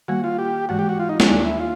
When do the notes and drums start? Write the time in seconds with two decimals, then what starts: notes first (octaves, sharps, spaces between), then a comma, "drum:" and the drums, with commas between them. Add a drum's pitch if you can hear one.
0.08 D#3 G3 A#3 F#4
0.24 F4
0.38 G4
0.69 G#2 E3 G#3 F#4
0.79 G4
0.89 F#4
0.99 F4
1.09 D#4
1.20 C#4, drum: snare
1.29 D#2 D#3 G3 A#3 D4 D#4
1.45 E4
1.60 F4